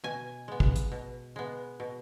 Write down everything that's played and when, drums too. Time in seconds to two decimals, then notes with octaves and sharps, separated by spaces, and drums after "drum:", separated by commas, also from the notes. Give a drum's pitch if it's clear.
0.04 B2 G#5
0.48 G#3 B3
0.60 drum: kick
0.76 drum: hi-hat
0.92 B2
1.36 G#3 B3
1.80 B2